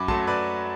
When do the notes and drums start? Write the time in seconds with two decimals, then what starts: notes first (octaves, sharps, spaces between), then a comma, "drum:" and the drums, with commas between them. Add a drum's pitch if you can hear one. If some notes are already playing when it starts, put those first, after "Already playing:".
Already playing: F#2 B5 D6
0.08 F#3 A3 A5 C6, drum: kick
0.27 B4 D5